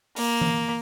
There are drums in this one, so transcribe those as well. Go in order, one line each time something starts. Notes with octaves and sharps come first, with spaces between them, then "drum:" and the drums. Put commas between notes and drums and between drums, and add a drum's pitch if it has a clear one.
A#3, drum: open hi-hat
drum: tom E3